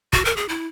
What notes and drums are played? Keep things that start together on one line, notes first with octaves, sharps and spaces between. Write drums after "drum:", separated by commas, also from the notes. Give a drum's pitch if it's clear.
F#4, drum: kick
A#4
G#4
E4